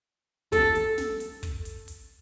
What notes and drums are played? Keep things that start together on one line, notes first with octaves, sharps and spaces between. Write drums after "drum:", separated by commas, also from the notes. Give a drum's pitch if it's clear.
A4, drum: kick, hi-hat
drum: hi-hat
drum: snare
drum: hi-hat
drum: kick, hi-hat
drum: hi-hat
drum: hi-hat